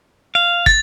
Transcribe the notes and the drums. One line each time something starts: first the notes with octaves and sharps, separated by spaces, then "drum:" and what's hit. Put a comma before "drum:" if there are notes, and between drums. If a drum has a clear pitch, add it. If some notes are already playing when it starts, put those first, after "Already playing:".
F5
A6, drum: kick